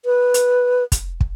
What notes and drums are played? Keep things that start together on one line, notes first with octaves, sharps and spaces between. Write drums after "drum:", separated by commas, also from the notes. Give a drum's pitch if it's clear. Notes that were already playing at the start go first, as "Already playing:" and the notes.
B4
drum: hi-hat
drum: kick, hi-hat
drum: kick